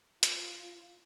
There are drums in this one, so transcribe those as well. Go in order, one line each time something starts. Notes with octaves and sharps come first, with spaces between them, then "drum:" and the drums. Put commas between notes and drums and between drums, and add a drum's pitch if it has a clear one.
F4, drum: hi-hat